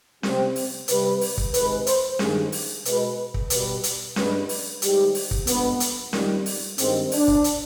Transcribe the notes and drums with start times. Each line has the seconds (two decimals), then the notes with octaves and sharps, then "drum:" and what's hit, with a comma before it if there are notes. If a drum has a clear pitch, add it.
0.23 C3 G3 C4, drum: snare C#4
0.56 drum: open hi-hat
0.88 C3 G3 B4, drum: hi-hat
1.21 drum: open hi-hat
1.38 drum: kick
1.54 F2 C3 D#3 G#3 B4, drum: hi-hat
1.87 C5, drum: hi-hat
2.19 G2 D#3 G#3 G#4, drum: snare C#4
2.52 drum: open hi-hat
2.85 B2 G#3 B4, drum: hi-hat
3.34 drum: kick
3.50 B2 G3 B4, drum: hi-hat
3.83 drum: hi-hat
4.16 G2 D3 G#3 B4, drum: snare C#4
4.49 drum: open hi-hat
4.82 G#2 D#3 G3 G4, drum: hi-hat
5.15 drum: open hi-hat
5.31 drum: kick
5.47 G2 D3 F3 G#3 B3, drum: hi-hat
5.80 drum: hi-hat
6.13 F2 D#3 G3, drum: snare C#4
6.46 drum: open hi-hat
6.78 G2 D#3 G#3 C4, drum: hi-hat
7.11 D4, drum: open hi-hat
7.28 drum: kick
7.44 drum: hi-hat